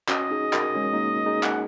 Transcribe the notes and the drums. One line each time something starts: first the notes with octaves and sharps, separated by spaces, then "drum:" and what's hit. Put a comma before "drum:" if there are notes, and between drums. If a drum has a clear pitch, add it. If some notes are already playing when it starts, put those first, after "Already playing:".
C#4 F#4 D#5, drum: clap
D#4 G#4
G#4
F#4 A#4, drum: clap
G#3 C#4
A#3 D#4
D#4 G#4
F#5, drum: clap